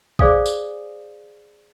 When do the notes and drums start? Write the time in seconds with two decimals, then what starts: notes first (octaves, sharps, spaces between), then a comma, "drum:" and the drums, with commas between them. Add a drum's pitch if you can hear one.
0.19 G#4 C5 D5 F5 G#5 D#6, drum: kick
0.46 drum: tambourine